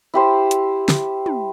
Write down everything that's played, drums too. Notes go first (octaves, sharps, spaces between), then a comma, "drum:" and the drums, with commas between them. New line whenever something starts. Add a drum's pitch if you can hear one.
E4 G4 C5
drum: hi-hat
drum: snare
drum: tom